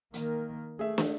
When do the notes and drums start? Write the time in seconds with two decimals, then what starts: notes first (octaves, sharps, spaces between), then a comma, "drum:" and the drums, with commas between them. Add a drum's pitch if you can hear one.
0.14 D#3 A#3, drum: hi-hat
0.79 A3 G#4 E5
0.98 drum: snare